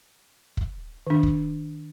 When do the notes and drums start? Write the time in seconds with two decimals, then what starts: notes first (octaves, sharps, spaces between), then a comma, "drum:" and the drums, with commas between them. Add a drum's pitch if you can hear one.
0.57 drum: kick
1.07 D#3 D4
1.23 drum: kick